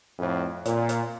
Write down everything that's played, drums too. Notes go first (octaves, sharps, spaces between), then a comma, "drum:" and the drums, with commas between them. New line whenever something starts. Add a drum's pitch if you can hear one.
F2 A2
A#2, drum: hi-hat
drum: hi-hat